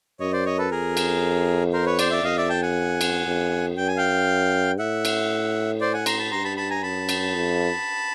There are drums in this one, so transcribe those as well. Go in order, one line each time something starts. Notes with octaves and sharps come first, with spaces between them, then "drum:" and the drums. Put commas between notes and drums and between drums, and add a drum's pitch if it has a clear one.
F#2 C#5 D#5
C5 D5
C#5 D#5
A4 B4
F2 G#4 A#4
drum: cymbal
A#4 C5
B4 C#5
C5 D5, drum: cymbal
D5 E5
F2 D#5 F5
D5 E5
G5 A5
F#5 G#5
drum: cymbal
F2
F#2 G5
G#5
F5 G5
A2 E5 F#5
drum: cymbal
C5 D5
F#5 G#5
A#5 C6, drum: cymbal
A5 B5
G2 A#5 C6
A5 B5
A5 B5
G#5 A#5
F#2 A5 B5
drum: cymbal
F2